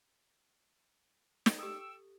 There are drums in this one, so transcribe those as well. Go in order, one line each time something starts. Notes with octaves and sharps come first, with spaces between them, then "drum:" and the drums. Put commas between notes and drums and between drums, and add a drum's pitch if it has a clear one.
drum: snare
G4 A4 G5 C#6 E6